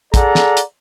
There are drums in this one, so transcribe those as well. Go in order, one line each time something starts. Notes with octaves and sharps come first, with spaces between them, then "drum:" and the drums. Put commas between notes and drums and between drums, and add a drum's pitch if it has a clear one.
G#4 A4 D5 F#5 A#5, drum: kick, hi-hat
drum: snare
drum: hi-hat